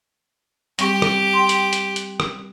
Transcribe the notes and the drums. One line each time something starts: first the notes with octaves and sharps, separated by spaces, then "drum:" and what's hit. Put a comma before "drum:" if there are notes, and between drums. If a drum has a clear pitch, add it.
G3 C4 G4 C#6, drum: hi-hat
drum: rim click
G5 C6
drum: hi-hat
drum: hi-hat
drum: hi-hat
drum: rim click